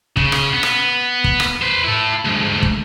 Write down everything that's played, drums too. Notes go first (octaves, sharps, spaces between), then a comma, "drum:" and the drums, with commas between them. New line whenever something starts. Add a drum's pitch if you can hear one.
C#3, drum: kick
drum: rim click
B3
drum: rim click
drum: kick
drum: rim click
B4 C5
E4 A4
D2 G#2
drum: kick